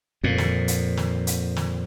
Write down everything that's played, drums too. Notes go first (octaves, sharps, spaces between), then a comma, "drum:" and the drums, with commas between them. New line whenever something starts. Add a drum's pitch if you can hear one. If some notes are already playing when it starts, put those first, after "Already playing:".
F2 A#2
drum: snare
drum: hi-hat
drum: snare
drum: hi-hat
drum: snare